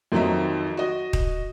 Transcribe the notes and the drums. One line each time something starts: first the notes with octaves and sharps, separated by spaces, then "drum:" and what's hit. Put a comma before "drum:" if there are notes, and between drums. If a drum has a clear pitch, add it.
F2 D#3 F3 F#3 D#4 E5
F#4 D#5
drum: kick D#1